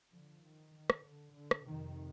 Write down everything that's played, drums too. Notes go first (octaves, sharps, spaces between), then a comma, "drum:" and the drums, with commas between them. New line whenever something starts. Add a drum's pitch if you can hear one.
D3 F3
D#3
D#3
drum: rim click
D3
D3
drum: rim click
F2 C3 D#3